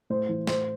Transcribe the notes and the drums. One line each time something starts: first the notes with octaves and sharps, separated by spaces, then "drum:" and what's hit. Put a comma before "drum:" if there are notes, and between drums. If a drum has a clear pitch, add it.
A2 C5
E3
A2 C5, drum: snare